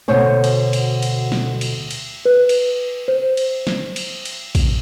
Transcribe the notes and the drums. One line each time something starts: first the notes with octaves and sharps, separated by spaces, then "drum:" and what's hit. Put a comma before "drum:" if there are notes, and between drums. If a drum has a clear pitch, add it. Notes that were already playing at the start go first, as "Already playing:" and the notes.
D2 B2 C5 C#5 G#5
drum: cymbal
drum: cymbal
drum: cymbal
drum: snare
drum: cymbal
drum: cymbal
B4
drum: cymbal
C5
drum: cymbal
drum: snare
drum: cymbal
drum: cymbal
drum: kick, cymbal